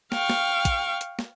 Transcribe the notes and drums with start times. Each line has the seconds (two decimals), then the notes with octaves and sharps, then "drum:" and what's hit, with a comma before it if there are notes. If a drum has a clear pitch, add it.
0.12 F5 G5 C#6, drum: snare
0.30 drum: snare
0.65 drum: kick, hi-hat
1.01 drum: hi-hat
1.19 drum: snare